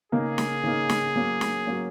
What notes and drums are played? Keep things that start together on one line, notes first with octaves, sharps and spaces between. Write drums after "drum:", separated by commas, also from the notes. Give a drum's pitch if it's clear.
C#3 A#3 D#4 G#4 A#4
drum: snare
C#3 A#3 D#4 A#4
drum: snare
F#3 A#3 C#4
drum: snare
F#3 A#3 C#4